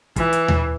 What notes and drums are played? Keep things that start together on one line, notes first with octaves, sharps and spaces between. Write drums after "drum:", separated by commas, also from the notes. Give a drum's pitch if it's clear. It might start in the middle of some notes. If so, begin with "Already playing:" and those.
E3, drum: kick, hi-hat
drum: hi-hat
drum: tom D#2